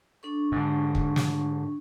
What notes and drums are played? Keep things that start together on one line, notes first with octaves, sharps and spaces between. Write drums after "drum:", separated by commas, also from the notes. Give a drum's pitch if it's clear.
D4 A4 C#6
G#2 D3
drum: kick
drum: snare